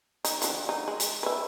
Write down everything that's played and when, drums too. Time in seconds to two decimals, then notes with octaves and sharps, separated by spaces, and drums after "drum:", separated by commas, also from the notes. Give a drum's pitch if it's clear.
0.24 D#4, drum: hi-hat
0.42 D3 F3, drum: hi-hat
0.69 D#4
0.88 G#3
1.00 drum: hi-hat
1.23 B4 E5